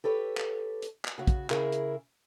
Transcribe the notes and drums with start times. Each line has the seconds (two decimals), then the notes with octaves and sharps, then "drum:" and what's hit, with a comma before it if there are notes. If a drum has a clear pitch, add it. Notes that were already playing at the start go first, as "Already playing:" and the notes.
0.04 G4 A4 B4 C#5
0.37 drum: clap
0.82 drum: hi-hat
1.05 drum: clap
1.18 C#3 F#4
1.27 drum: kick, hi-hat
1.50 C#3 E4 G#4 A#4, drum: clap
1.72 drum: hi-hat